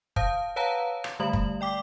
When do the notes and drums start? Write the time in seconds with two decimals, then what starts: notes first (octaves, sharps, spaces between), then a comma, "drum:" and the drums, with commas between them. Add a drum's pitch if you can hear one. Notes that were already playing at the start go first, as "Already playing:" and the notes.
0.16 C5 F5 A5 D#6 G6, drum: kick
0.56 B4 C#5 F5 F#5 A5 A#5
1.04 drum: rim click
1.20 D3 G3 A3 B5 F#7
1.33 drum: kick
1.61 D5 G5 D6 B6